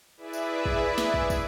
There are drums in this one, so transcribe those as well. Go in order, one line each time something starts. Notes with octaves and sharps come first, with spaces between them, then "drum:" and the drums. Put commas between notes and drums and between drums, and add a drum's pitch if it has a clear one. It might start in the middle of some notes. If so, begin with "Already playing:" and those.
E4 G#4 B4 D5 E5
drum: tambourine
drum: kick
drum: snare
drum: kick
drum: kick, tambourine